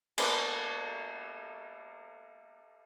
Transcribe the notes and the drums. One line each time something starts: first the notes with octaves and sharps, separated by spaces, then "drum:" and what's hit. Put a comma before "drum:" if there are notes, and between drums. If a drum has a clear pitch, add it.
G#3 A#3 B3 D4, drum: cymbal